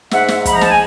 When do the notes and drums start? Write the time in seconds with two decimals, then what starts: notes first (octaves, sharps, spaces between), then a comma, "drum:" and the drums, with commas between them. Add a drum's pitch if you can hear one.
0.11 G#2 E5 F#5, drum: snare
0.28 drum: snare
0.45 F3 B5, drum: kick, hi-hat
0.54 A#5
0.61 A5, drum: snare
0.70 G#5